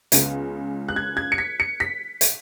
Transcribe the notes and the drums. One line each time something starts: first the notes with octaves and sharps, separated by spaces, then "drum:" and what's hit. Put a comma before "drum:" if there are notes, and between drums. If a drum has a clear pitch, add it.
C#2 C#3 G#3 B3, drum: hi-hat
F#6
G#6
G#6
C#7
B6
C#7
B6
drum: hi-hat